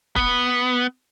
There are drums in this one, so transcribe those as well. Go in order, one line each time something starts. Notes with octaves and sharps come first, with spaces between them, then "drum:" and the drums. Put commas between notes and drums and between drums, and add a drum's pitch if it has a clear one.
B3, drum: kick